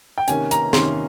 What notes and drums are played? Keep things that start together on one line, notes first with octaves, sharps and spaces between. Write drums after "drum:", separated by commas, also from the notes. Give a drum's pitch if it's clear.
G5
C3 D#3 A#3 C#4 G#5, drum: hi-hat
A#5, drum: hi-hat
C3 D#3 A#3 C#4 C6, drum: snare